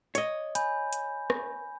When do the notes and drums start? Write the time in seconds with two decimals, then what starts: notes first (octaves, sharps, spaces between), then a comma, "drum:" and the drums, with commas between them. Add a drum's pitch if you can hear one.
0.15 C#5 D#5, drum: hi-hat
0.55 G#5 B5 G6, drum: hi-hat
0.93 drum: hi-hat
1.30 drum: rim click